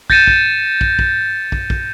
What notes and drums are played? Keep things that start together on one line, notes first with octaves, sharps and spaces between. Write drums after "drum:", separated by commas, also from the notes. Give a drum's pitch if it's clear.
G6 A6 A#6 C#7 D#7 E7, drum: kick
drum: kick
drum: kick
drum: kick
drum: kick
drum: kick